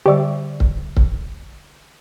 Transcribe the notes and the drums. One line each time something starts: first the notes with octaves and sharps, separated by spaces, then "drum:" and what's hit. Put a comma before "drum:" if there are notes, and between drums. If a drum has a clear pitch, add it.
D3 G3 G4 D5
drum: kick C#1
drum: kick C#1